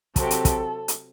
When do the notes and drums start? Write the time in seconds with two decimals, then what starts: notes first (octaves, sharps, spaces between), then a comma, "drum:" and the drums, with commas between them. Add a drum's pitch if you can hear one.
0.16 C3 F#3 C4 G4 A4, drum: kick, hi-hat
0.31 drum: hi-hat
0.45 drum: kick, hi-hat
0.88 drum: hi-hat